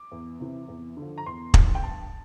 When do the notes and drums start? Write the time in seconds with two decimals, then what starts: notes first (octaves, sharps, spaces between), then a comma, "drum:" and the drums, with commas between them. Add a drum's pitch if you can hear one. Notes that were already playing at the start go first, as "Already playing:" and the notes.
Already playing: D6
0.12 E2
0.40 C3 E3
0.68 E2
0.97 D3
1.02 F3
1.18 A#5
1.26 E2 C6
1.54 D3 F3, drum: kick
1.75 G5
1.82 G2 A5